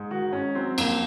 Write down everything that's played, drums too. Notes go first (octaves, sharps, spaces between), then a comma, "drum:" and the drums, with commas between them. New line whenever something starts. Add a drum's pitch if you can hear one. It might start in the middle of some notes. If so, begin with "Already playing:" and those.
Already playing: G#2
D#3 F#4
G#2 C#4
F#3 C4
F2 A#3, drum: cymbal